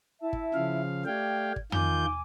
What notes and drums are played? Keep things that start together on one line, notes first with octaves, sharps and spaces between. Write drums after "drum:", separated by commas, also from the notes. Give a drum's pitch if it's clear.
E4 E5 A5
drum: kick
C#3 F3 F5
A3 G4 D5 F5 G5 G#6
drum: kick
D#3 F4 G#5 D6 G6, drum: tom